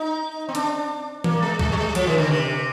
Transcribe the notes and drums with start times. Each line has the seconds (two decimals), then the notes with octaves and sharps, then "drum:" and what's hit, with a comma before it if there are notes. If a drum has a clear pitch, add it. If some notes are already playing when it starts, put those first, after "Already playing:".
Already playing: D#4
0.49 C4
0.55 D4, drum: hi-hat
1.24 A#3, drum: tom E3
1.42 G#3
1.59 G#3, drum: kick C#2
1.72 G3
1.77 G#3
1.95 F3, drum: hi-hat
2.07 D#3
2.18 D3
2.29 C3